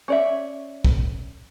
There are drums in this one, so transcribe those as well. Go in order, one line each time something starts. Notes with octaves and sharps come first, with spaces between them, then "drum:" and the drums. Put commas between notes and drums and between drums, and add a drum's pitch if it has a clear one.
C#4 D5 E5
drum: kick